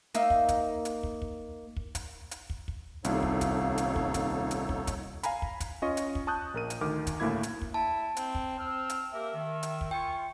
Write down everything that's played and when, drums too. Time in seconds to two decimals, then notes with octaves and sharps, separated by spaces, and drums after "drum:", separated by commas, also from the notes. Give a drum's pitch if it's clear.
0.14 A#3 D#4 E5, drum: hi-hat
0.30 drum: kick
0.49 drum: kick, hi-hat
0.85 drum: hi-hat
1.03 drum: kick
1.22 drum: kick
1.76 drum: kick
1.95 drum: kick, hi-hat
2.31 drum: hi-hat
2.50 drum: kick
2.68 drum: kick
3.04 D#1 C2 D#4 A4 C#5 F5, drum: hi-hat
3.23 drum: kick
3.41 drum: kick, hi-hat
3.78 drum: hi-hat
3.96 drum: kick
4.14 drum: kick, hi-hat
4.51 drum: hi-hat
4.69 drum: kick
4.87 drum: kick, hi-hat
5.23 F5 G#5 A#5 B5, drum: hi-hat
5.42 drum: kick
5.60 drum: kick, hi-hat
5.82 C#4 F4 D#5 C#6
5.97 drum: hi-hat
6.15 drum: kick
6.27 A5 C#6 D#6 F#6 G6
6.54 A#1 A#4 D#7
6.70 drum: hi-hat
6.81 D2 D#3 D6 F6
7.07 drum: kick, hi-hat
7.20 D2 A2 A#3 E4 G#6
7.43 drum: hi-hat
7.62 drum: kick
7.74 E4 A5
8.17 C4, drum: hi-hat
8.35 drum: kick
8.59 C4 E6 F6
8.90 drum: hi-hat
9.13 A#3 G4 A#4 E5
9.34 D#3
9.63 drum: hi-hat
9.81 drum: kick
9.91 F4 G5 G#5 C#6